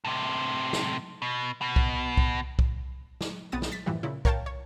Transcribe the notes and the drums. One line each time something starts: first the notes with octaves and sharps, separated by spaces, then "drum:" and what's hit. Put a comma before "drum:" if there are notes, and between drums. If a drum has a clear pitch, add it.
A2 C3
drum: snare
B2
B2
drum: kick
drum: kick
drum: kick
drum: snare
B1 B3 C4 D#6 A6
drum: snare
A6 B6
F#2 A2 E3 F3 G3
A#2 C#3 E4
A#4 C#5 F5 G5 A5, drum: kick
C#5